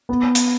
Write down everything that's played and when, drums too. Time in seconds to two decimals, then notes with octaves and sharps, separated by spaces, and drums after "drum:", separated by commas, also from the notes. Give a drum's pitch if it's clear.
0.09 B3
0.35 drum: hi-hat